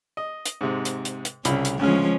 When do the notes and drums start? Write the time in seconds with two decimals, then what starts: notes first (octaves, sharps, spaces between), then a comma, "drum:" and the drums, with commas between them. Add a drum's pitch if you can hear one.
0.17 D#5
0.46 drum: hi-hat
0.61 G#2 C3
0.85 drum: hi-hat
1.05 drum: hi-hat
1.25 drum: hi-hat
1.45 C2 C#3 F4 B5, drum: hi-hat
1.65 drum: hi-hat
1.79 D2 C#3 F3 G#3 C#4 F6